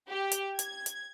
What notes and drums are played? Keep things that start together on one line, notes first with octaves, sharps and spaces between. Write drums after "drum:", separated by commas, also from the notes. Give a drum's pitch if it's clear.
G4
drum: hi-hat
G#6, drum: hi-hat
drum: hi-hat